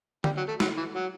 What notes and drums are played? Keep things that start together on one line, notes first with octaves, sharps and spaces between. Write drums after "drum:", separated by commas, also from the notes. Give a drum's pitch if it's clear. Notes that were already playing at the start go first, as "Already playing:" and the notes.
G3, drum: tom D3
F#3
A3
F#3, drum: snare
E3
F#3